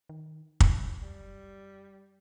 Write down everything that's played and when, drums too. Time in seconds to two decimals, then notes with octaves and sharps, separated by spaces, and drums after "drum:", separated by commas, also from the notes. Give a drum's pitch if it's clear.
0.09 D#3
0.60 F#2, drum: kick
1.00 G3